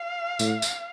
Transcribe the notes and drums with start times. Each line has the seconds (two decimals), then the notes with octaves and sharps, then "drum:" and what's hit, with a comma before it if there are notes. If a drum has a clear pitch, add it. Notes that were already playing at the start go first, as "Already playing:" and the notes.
Already playing: F5
0.39 A2, drum: tambourine
0.62 drum: tambourine